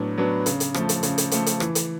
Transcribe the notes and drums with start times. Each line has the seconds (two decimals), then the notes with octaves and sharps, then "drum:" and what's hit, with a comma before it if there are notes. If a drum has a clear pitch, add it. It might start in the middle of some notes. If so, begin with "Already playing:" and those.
Already playing: A2 F#3 B3 D4
0.18 F#3 B3 D4
0.46 C#3, drum: hi-hat
0.60 drum: hi-hat
0.74 F3 A3, drum: rim click
0.89 drum: hi-hat
1.03 C#3, drum: hi-hat
1.18 drum: hi-hat
1.31 F3 A3, drum: hi-hat
1.46 drum: hi-hat
1.60 E3, drum: rim click
1.75 drum: hi-hat